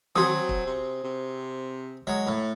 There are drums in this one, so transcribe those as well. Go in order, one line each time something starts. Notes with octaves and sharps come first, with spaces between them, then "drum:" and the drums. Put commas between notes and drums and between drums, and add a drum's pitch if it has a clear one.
F#3 C4 F#4 G#4 D#6, drum: tom D#3
drum: kick
C3
C3
F#3 G#3
A2